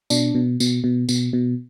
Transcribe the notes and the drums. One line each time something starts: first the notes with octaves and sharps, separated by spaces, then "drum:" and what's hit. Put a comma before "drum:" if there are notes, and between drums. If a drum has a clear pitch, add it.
B2 D4, drum: tambourine
B2
B2, drum: tambourine
B2
B2, drum: tambourine
B2